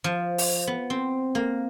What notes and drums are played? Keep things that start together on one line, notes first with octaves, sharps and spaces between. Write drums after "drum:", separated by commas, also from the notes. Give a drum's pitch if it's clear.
F3
drum: open hi-hat
B3
C4
A#3